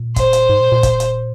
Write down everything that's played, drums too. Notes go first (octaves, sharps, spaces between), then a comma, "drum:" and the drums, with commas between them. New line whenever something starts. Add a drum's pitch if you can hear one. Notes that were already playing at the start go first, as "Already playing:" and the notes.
Already playing: A#2
C5, drum: kick, hi-hat
drum: hi-hat
G#2
A#2
A#2
drum: kick, hi-hat
drum: hi-hat